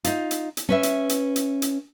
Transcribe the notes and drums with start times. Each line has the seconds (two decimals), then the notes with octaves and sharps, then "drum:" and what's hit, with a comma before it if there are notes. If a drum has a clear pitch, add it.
0.04 D#4 F4, drum: hi-hat
0.31 drum: hi-hat
0.57 drum: hi-hat
0.69 C#4 B4 E5
0.83 drum: hi-hat
1.09 drum: hi-hat
1.36 drum: hi-hat
1.62 drum: hi-hat